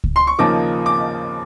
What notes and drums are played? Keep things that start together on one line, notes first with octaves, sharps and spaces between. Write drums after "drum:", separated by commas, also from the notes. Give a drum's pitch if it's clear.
drum: kick C#2
C6
C#6
D#2 C#3 F3 A#3 D#4 D6
D6